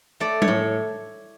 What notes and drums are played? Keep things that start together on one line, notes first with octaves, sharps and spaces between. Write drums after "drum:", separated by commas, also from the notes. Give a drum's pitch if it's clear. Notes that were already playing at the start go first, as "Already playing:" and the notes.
A3 D5
C#5, drum: tom F#3
A2